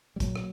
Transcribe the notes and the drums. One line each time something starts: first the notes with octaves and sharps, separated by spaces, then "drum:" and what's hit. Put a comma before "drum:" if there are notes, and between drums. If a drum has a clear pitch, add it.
G3
A#2 F#3, drum: kick, hi-hat
drum: rim click